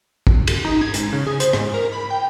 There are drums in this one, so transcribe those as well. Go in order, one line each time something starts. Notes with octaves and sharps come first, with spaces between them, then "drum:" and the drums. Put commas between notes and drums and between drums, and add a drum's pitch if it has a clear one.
drum: kick
drum: cymbal
D#4
G#6
G#2, drum: hi-hat
C#3
G#4
C5, drum: hi-hat
G#2, drum: rim click
A#4
B5
G5